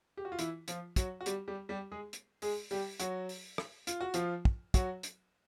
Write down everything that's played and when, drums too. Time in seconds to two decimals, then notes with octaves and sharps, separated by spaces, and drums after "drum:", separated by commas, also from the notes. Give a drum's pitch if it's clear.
0.17 G4
0.25 F#4
0.32 F4
0.39 E3 E4, drum: hi-hat
0.68 F3 F4, drum: hi-hat
0.96 F#3 F#4, drum: kick, hi-hat
1.21 F#4
1.26 G3 G4, drum: hi-hat
1.48 G3 G4
1.69 G3 G4
1.92 G#3 G#4
2.13 drum: hi-hat
2.42 G#3 G#4, drum: open hi-hat
2.71 G3 G4, drum: open hi-hat
3.00 F#3 F#4, drum: hi-hat
3.29 drum: open hi-hat
3.58 drum: rim click
3.87 F4, drum: hi-hat
4.01 F#4
4.14 F3 F4, drum: hi-hat
4.45 drum: kick
4.74 F#3 F#4, drum: kick, hi-hat
5.03 drum: hi-hat